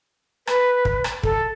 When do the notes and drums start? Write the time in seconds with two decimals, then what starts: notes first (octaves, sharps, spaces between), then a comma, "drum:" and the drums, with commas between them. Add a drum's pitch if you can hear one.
0.47 B4, drum: rim click
0.85 drum: kick
1.04 drum: rim click
1.23 A4, drum: kick